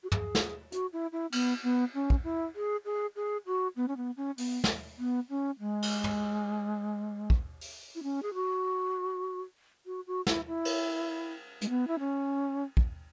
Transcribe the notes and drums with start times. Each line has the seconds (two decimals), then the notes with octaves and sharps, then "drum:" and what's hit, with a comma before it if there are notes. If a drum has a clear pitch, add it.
0.04 F#4
0.12 G#4, drum: tom
0.35 drum: snare
0.72 F#4, drum: hi-hat
0.93 E4
1.12 E4
1.32 B3, drum: cymbal
1.63 B3
1.94 C#4
2.10 drum: kick
2.24 E4
2.55 G#4
2.85 G#4
3.16 G#4
3.46 F#4
3.76 B3
3.88 C#4
3.97 B3
4.17 C#4
4.38 B3, drum: open hi-hat
4.64 drum: snare
4.98 B3
5.30 C#4
5.60 G#3
5.82 drum: cymbal
6.04 drum: tom
7.30 drum: kick
7.61 drum: open hi-hat
7.95 E4
8.03 C#4
8.23 G#4
8.34 F#4
9.86 F#4
10.07 F#4
10.27 E4, drum: snare
10.47 E4
10.65 drum: cymbal
11.61 G#3, drum: hi-hat
11.69 B3
11.88 E4
11.99 C#4
12.77 drum: kick